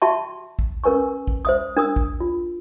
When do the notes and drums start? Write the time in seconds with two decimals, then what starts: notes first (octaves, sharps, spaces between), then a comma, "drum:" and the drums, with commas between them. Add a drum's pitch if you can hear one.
0.02 F#4 E5 G5 A5 C6 C#6
0.59 drum: kick A#1
0.84 C#4 A#4 B4 G#5 C#6
1.27 drum: kick A#1
1.45 C5 E5 D#6
1.77 D4 A#4 D#6 E6
1.96 drum: kick A#1
2.20 F4